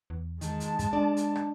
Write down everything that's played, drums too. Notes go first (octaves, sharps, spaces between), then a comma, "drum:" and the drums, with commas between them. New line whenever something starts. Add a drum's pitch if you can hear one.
E2
D#3 G#3 A5, drum: hi-hat
drum: hi-hat
drum: kick, hi-hat
D4 D5
drum: hi-hat
drum: rim click